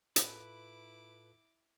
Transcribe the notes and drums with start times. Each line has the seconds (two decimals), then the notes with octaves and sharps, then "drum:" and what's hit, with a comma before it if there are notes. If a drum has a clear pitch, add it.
0.16 A2 E4 F4 A4 B4 D6, drum: hi-hat